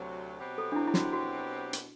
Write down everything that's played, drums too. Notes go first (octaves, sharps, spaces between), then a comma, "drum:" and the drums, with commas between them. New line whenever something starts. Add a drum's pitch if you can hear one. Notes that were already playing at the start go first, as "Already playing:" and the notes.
Already playing: D2 C3 F#3 C4
B2 F#3 C4 G4 B4
A4
D4
E4
E4
F#4, drum: snare
F#4
drum: hi-hat